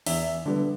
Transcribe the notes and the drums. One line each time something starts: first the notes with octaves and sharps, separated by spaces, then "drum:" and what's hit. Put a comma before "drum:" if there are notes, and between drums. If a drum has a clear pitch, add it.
E2 E5, drum: open hi-hat
D3 G3 B3